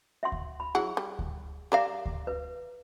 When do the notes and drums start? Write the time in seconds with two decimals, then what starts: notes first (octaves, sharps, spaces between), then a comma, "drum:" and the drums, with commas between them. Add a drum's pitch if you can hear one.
0.23 E5 F#5 C6
0.32 drum: kick D2
0.60 B5
0.75 F#3 E4 F#4 G#4
0.97 G3
1.19 drum: kick D2
1.72 G4 D5 E5 F5 A#5 D6
2.06 drum: kick D2
2.27 B4